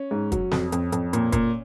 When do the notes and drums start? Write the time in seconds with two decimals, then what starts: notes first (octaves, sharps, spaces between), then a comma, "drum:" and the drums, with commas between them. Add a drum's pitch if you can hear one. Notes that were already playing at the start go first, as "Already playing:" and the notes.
Already playing: C#4
0.11 G#2
0.32 F#3, drum: kick, hi-hat
0.51 F2, drum: snare
0.72 F2, drum: hi-hat
0.92 F2, drum: hi-hat
1.13 A#2, drum: hi-hat
1.32 A#2, drum: kick, hi-hat